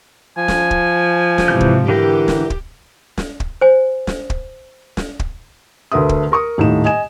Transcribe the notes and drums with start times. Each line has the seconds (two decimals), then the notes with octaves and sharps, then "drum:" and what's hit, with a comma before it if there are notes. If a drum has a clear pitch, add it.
0.37 F3 G#5
0.48 drum: snare
0.71 drum: kick
1.38 drum: snare
1.48 G#2 C3 E3 G6
1.60 drum: kick
1.88 D3 E3 G4 A#4
2.28 drum: snare
2.50 drum: kick
3.18 drum: snare
3.40 drum: kick
3.61 C5 G#5
4.07 drum: snare
4.30 drum: kick
4.97 drum: snare
5.19 drum: kick
5.92 D2 A3 A#4 B4 E5 D#6
6.09 drum: kick
6.32 A#4 C#6 D#6
6.58 D#1 A2 D#4 E7
6.85 D#5 G#5 E7